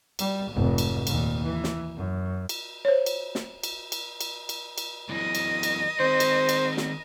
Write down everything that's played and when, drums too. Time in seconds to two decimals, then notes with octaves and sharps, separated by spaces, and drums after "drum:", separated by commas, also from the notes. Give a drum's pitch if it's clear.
0.19 G3, drum: cymbal
0.50 F1 G#2
0.78 drum: cymbal
1.07 D#2 A#2, drum: cymbal
1.43 E3
1.64 drum: snare
1.97 F#2
2.49 drum: cymbal
2.85 C5 C#5
3.06 drum: cymbal
3.35 drum: snare
3.63 drum: cymbal
3.92 drum: cymbal
4.21 drum: cymbal
4.49 drum: cymbal
4.78 drum: cymbal
5.10 F#2 E3 D#5
5.35 drum: cymbal
5.63 drum: cymbal
6.00 D#3 C4 C5
6.20 drum: cymbal
6.49 drum: cymbal
6.77 drum: snare